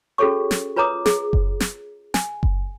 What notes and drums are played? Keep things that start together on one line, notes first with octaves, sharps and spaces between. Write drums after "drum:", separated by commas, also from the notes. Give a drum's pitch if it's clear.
C#4 F#4 G#4 A4 C#5 C#6
drum: snare
F4 B4 C#5 A#5 D6 D#6
G#4, drum: snare
drum: kick F#1
drum: snare
G#5, drum: snare
drum: kick F#1